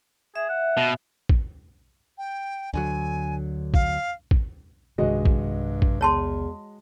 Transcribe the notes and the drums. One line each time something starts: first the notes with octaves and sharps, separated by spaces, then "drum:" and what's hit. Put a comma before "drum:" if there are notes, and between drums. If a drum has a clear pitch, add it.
G#4 E5
F#5
B2
drum: kick
G5
D2 D3 F#3 G#5
F5, drum: kick
drum: kick
B1 G2 C3 D#3 G#3 F#4 D#5
drum: kick
drum: kick
E2 C#5 A5 C6